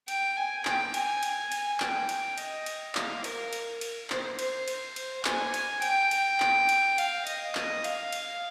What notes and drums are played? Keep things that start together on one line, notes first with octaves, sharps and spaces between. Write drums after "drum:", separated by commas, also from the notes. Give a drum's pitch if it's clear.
G5, drum: cymbal
G#5
G5, drum: clap
G#5, drum: cymbal
drum: cymbal
G#5, drum: cymbal
G5, drum: clap
drum: cymbal
D#5, drum: cymbal
drum: cymbal
F5, drum: clap
A#4, drum: cymbal
drum: cymbal
drum: cymbal
C5, drum: clap
C5, drum: cymbal
drum: cymbal
drum: cymbal
G#5, drum: clap
drum: cymbal
G5, drum: cymbal
drum: cymbal
drum: clap
drum: cymbal
F5, drum: cymbal
D#5, drum: cymbal
drum: clap
F5, drum: cymbal
drum: cymbal